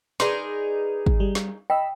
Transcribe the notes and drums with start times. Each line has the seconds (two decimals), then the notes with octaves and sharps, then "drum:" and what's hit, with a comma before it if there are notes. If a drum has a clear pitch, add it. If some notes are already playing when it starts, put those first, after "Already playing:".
0.20 D#4 G#4 A#4 B4 D5 C6, drum: snare
1.06 drum: kick
1.20 G3
1.35 drum: snare
1.70 D#5 G5 B5 E6